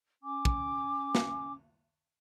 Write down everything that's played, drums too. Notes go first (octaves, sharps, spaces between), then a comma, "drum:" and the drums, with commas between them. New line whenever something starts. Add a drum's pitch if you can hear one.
C#4 G#5 D6
drum: kick
drum: snare